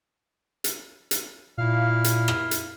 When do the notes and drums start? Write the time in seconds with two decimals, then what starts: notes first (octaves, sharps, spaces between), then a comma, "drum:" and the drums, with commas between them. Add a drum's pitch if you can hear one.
0.64 drum: hi-hat
1.11 drum: hi-hat
1.58 A#2 E4 F5
2.04 drum: hi-hat
2.28 drum: rim click
2.51 drum: hi-hat